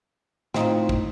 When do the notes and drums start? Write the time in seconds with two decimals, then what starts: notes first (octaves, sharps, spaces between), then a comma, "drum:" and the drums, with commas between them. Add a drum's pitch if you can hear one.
0.54 A2 C4 D#4 F4, drum: snare
0.89 drum: kick